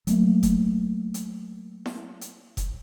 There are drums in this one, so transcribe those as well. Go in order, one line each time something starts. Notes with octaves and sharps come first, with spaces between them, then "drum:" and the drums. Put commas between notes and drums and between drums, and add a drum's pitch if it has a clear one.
F#3 A3 A#3, drum: hi-hat
drum: kick F1, hi-hat
drum: hi-hat
drum: snare E4
drum: hi-hat
drum: kick F1, hi-hat